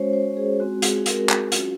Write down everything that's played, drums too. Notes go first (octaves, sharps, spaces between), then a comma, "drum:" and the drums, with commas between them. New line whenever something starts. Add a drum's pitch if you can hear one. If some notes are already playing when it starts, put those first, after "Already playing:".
Already playing: G#3 C#4 F#4 C5 C#5
C5
G#4
G#3 C4 F4 F#4
G#4, drum: hi-hat
A#4, drum: hi-hat
G#4, drum: clap
F#3 C#4 F4 F#4, drum: hi-hat